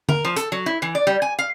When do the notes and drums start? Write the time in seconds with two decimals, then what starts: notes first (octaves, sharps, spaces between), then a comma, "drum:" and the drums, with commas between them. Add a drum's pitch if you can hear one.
0.09 A#4, drum: tom D3
0.25 F3
0.36 A4, drum: hi-hat
0.52 F#3
0.66 E4
0.82 E3
0.95 D5
1.07 G3
1.22 G#5
1.39 F5